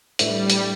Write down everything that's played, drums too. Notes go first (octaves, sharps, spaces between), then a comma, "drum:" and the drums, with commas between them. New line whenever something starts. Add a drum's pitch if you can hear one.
A2 G3 A3 D4 B4 E5, drum: hi-hat
drum: hi-hat